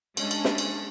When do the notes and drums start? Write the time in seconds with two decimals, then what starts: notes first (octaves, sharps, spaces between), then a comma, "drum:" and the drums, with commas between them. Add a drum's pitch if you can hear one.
0.17 G#3 C#4 D4 A4, drum: cymbal
0.31 drum: cymbal
0.45 drum: snare
0.58 drum: cymbal